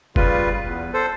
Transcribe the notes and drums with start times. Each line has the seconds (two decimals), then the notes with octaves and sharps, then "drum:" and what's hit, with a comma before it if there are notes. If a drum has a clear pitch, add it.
0.16 C#3 G3 F4 B4, drum: kick F1
0.67 E2
0.94 A4 C5